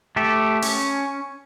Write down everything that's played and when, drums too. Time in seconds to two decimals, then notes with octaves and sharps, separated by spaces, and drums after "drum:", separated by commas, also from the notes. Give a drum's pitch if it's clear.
0.16 A3 G4 A4
0.62 C#4, drum: open hi-hat